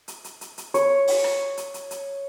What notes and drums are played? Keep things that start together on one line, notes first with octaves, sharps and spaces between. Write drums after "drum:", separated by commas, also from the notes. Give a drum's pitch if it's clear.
drum: hi-hat
drum: hi-hat
drum: hi-hat
drum: hi-hat
C#5, drum: hi-hat
drum: open hi-hat
drum: rim click
drum: hi-hat
drum: hi-hat
drum: hi-hat